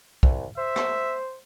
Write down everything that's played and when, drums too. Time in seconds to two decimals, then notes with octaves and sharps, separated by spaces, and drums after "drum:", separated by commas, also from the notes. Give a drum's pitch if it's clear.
0.23 C2, drum: kick B1
0.58 C5 E5
0.76 drum: rim click